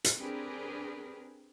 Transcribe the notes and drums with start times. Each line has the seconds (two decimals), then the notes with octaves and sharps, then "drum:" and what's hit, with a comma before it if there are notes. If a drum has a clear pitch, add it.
0.04 drum: hi-hat
0.19 C4 D4 G4 G#4 A#4 B4